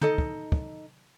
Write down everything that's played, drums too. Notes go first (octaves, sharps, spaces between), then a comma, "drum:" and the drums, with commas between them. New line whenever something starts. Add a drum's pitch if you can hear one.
D#4 A4 D#5, drum: tom
drum: kick
drum: kick